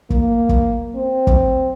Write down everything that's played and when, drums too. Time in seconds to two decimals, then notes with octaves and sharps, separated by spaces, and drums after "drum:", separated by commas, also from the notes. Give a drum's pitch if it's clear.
0.10 A#3, drum: kick
0.49 drum: kick
0.95 C4
1.27 drum: kick